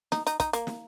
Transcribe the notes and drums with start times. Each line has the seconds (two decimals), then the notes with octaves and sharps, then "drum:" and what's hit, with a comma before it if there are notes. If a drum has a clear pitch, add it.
0.12 D#4, drum: snare
0.27 D#4, drum: hi-hat
0.40 D#4, drum: kick, hi-hat
0.53 A#3, drum: hi-hat
0.67 drum: snare